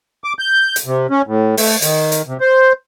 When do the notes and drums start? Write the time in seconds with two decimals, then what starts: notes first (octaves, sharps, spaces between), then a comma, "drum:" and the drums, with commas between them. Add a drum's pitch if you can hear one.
0.24 D6
0.39 G6
0.76 drum: hi-hat
0.86 C3
1.10 C#4
1.27 A2
1.57 A3, drum: open hi-hat
1.82 D#3, drum: hi-hat
2.12 drum: hi-hat
2.27 C3
2.41 C5